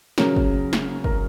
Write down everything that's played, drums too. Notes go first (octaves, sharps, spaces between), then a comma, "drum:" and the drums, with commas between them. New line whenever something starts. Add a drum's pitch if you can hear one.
C#3 F#3 A#4, drum: snare
drum: kick
drum: snare
A#4, drum: kick